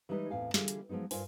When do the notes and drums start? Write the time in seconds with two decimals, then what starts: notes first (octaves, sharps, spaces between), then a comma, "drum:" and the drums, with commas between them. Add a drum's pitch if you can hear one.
0.09 E3 G3 G#3 D#4 A#4 B4
0.31 E2 A2 C4 F5 G#5
0.54 D3 E3 G3 A#3 F4 G#4, drum: snare
0.68 drum: hi-hat
0.89 F3 F#3 G#3 B3 D#4
1.11 G2 F4 A#4 C5 G#5, drum: open hi-hat